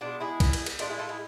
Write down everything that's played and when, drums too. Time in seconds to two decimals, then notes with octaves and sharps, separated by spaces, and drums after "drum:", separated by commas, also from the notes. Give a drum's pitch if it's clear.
0.01 B2 G#3 D4 F4
0.20 E4 G#4
0.40 drum: kick B1, cymbal
0.53 drum: cymbal
0.66 drum: cymbal
0.79 A2 G#3 D4 F4, drum: cymbal
0.89 E4 G#4
0.99 F4 A4
1.09 E4 G#4